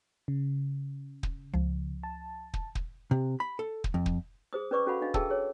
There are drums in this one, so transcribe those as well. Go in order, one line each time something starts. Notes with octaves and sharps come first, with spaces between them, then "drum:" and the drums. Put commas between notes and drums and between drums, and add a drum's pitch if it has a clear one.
C#3
drum: kick
C#2 F3
A5
drum: kick
drum: kick
C3
B5
A4
drum: kick
F2
drum: kick
G#4 C5 D#6
C#4 B4 D5 C#6 D6
C#4 F#4 A4 F5 F#5 B5
D4 D#5 F5
G#4 A4 E5 G5 A5 E6, drum: kick
G#4 A4 C#5